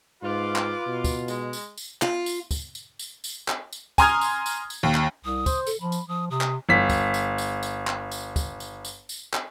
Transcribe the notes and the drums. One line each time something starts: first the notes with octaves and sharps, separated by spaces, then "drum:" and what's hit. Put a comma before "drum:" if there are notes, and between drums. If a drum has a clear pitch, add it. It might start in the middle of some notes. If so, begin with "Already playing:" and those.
G#2 F4 B4 D6
drum: clap
B2
drum: kick, tambourine
G#3, drum: tambourine
drum: tambourine
drum: tambourine
F4, drum: clap
drum: tambourine
drum: kick, tambourine
drum: tambourine
drum: tambourine
drum: tambourine
drum: clap
drum: tambourine
G#5 A#5 C6 D#6 F6 G#6, drum: kick, tambourine
drum: tambourine
drum: tambourine
drum: tambourine
D#2
drum: clap
C2 D#6
C5, drum: kick, tambourine
A4, drum: tambourine
F3 B5
drum: tambourine
F3 D#6
C3 D#6
drum: clap
G1 B6
drum: kick, tambourine
drum: tambourine
drum: tambourine
drum: tambourine
drum: clap
drum: tambourine
drum: kick, tambourine
drum: tambourine
drum: tambourine
drum: tambourine
drum: clap